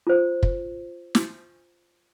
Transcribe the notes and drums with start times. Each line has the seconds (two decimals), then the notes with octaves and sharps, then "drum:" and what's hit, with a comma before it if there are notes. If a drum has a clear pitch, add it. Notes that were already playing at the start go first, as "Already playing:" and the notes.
0.07 F4 C5
0.43 drum: kick
1.15 drum: snare